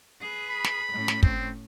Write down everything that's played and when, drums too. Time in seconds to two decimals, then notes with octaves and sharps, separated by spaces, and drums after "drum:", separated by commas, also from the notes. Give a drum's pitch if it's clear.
0.20 G#4 B4
0.50 B5
0.64 drum: snare
0.92 A2 C#4
1.08 drum: snare
1.23 C4, drum: kick